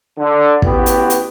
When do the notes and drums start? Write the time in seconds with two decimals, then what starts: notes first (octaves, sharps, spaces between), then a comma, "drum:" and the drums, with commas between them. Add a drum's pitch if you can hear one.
0.17 D3
0.62 A1 B3 F#4 G4, drum: kick
0.86 drum: hi-hat
1.10 drum: hi-hat